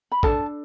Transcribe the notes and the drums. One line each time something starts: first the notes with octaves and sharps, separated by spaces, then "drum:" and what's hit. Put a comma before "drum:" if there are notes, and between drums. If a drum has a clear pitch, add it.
B5
D4 A4 A5, drum: kick